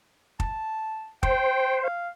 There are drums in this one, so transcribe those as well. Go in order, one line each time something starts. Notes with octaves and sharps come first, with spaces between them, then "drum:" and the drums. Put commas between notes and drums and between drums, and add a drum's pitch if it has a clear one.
A5, drum: kick
C5 G5, drum: kick
F5